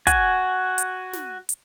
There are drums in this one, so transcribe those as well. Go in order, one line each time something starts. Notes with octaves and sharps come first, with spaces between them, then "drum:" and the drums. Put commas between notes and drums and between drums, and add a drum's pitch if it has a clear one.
F#4 G#5, drum: kick, hi-hat
drum: hi-hat
drum: snare
drum: hi-hat